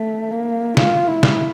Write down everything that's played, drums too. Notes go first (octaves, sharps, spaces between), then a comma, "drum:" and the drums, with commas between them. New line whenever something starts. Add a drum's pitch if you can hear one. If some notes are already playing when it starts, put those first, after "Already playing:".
Already playing: A3
A#3
F4, drum: snare
E4
drum: snare